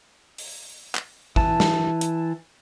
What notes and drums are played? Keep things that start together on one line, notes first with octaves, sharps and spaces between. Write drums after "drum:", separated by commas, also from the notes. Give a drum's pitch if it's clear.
drum: open hi-hat
drum: clap
E3 A5, drum: kick G#1
drum: snare
drum: hi-hat